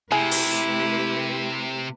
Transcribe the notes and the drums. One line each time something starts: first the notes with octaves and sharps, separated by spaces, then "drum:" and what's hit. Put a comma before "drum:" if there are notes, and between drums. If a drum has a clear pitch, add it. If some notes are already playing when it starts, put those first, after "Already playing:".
C3 A3 E4 G4 G#4 B4
drum: open hi-hat